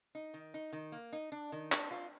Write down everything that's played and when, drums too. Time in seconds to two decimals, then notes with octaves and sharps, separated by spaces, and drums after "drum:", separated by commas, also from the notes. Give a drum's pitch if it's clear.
0.15 D#4
0.34 D#3
0.54 D#4
0.73 D#3
0.92 A#3
1.12 D#4
1.32 D4
1.52 D#3
1.72 D4, drum: clap
1.91 F4